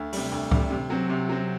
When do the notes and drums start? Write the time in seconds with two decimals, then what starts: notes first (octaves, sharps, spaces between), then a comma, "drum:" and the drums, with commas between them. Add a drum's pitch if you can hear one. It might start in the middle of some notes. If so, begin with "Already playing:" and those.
Already playing: D2
0.13 C3 G3, drum: open hi-hat
0.32 D2
0.51 C3 G3, drum: kick C#2
0.71 C3
0.90 F#3 C4
1.10 C3
1.29 F#3 C4